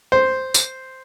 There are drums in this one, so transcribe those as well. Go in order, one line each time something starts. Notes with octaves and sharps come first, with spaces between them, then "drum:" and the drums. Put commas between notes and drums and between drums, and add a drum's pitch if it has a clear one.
C5
drum: tambourine